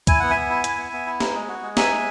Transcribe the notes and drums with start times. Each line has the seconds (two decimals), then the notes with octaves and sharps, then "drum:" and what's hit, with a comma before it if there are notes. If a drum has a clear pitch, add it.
0.07 E4 G#5, drum: kick C#2, hi-hat
0.20 B3 F#5
0.30 B3 E5 G#5
0.50 E4
0.64 E4, drum: hi-hat
0.77 B3
0.92 B3
1.07 E4
1.20 D#4, drum: snare
1.34 G#3
1.48 F#4
1.62 G#3
1.77 D#4 E5 G#5, drum: snare
1.91 G#3